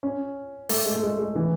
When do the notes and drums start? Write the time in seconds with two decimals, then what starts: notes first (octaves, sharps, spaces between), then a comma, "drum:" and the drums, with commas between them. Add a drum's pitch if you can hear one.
0.03 C#4
0.69 A3, drum: open hi-hat
0.85 G#3
0.95 A3
1.03 G#3
1.19 G#3
1.35 E3